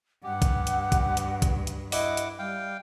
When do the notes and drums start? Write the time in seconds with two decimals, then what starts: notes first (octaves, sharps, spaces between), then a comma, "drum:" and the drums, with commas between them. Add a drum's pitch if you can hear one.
0.24 G2 G4 F#5
0.42 drum: kick, hi-hat
0.67 drum: hi-hat
0.92 drum: kick, hi-hat
1.17 drum: hi-hat
1.42 drum: kick, hi-hat
1.67 drum: hi-hat
1.92 E4 D#5 F#5 D6, drum: open hi-hat
2.17 drum: hi-hat
2.39 G3 F5 G5